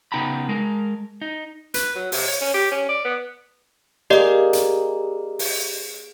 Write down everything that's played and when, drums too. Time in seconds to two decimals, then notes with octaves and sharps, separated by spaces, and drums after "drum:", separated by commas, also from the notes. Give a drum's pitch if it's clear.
0.12 C#3 B3 D#4 G5 A#5 B5
0.49 G#3 A#4
1.22 D#4
1.74 B4, drum: hi-hat
1.95 F#3
2.12 C3, drum: open hi-hat
2.28 C#5
2.41 C#4
2.54 G4
2.71 C#4
2.89 D5
3.05 B3
4.10 A#3 G4 G#4 D5 D#5
4.53 drum: hi-hat
5.39 drum: open hi-hat